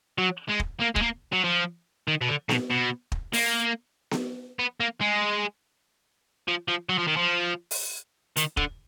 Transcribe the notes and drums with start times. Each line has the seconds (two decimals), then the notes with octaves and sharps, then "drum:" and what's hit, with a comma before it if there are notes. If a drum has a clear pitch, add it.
0.18 F#3
0.50 G#3
0.60 drum: kick
0.81 A#3
0.96 G#3, drum: kick
1.02 A#3
1.33 F#3
1.44 F3
2.08 D#3
2.21 B2
2.29 D3
2.49 B2, drum: snare B3
2.71 B2
3.12 drum: kick
3.33 A#3, drum: open hi-hat
4.11 drum: snare B3
4.59 B3
4.80 A#3
5.01 G#3
6.48 F3
6.68 F3
6.89 F#3
6.98 F3
7.07 D#3
7.16 F3
7.71 drum: open hi-hat
8.36 D#3, drum: hi-hat
8.57 D3, drum: kick